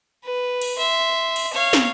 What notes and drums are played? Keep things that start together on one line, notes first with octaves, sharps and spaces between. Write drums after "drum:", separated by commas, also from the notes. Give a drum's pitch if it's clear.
B4
drum: cymbal
E5 C6
drum: cymbal
C#5 F5
drum: snare